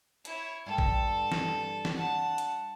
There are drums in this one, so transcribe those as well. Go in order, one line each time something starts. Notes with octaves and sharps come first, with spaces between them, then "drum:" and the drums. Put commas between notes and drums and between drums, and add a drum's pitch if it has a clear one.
E4 C#5, drum: hi-hat
G2 A4
drum: kick A1
drum: snare
drum: snare
F#5 A5
drum: hi-hat